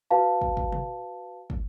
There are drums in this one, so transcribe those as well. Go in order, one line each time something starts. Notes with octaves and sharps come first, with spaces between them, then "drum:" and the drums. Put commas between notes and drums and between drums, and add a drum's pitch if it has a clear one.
F#4 B4 F5 A5
drum: kick
drum: kick
drum: tom
drum: kick